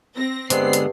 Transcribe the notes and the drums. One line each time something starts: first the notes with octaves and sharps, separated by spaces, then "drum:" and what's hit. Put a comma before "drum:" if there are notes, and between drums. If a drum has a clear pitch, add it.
C4 A#6
G2 D3 G#3 B3 C4 C7, drum: hi-hat
drum: hi-hat